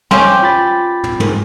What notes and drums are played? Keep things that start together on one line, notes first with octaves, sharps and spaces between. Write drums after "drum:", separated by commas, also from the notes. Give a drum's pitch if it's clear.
C4 C#4 G4, drum: tom
F4 B5 A6
drum: tom
G#2, drum: tom